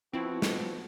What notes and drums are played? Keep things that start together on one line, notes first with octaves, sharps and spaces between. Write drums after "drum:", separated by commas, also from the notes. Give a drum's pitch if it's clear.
F3 B3 C4 E4 F#4
drum: snare